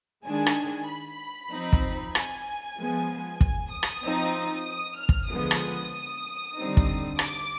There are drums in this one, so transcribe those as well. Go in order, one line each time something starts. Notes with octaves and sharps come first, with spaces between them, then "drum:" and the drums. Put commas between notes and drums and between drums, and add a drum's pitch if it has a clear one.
D#3 G#3 D4 G#5
drum: rim click
B5
F3 C4 D#4
drum: kick
G#5, drum: rim click
F3 G#3 B3
G#5, drum: kick
D#6
drum: rim click
F3 C4 D#4
D#6
F6
drum: kick
D3 F3 G#3 B3 D#6
drum: rim click
D3 G3 C4 D#4
drum: kick
D6, drum: rim click